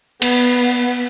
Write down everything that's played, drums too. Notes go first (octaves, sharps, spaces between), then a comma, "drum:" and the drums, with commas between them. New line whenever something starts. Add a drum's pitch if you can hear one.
B3, drum: cymbal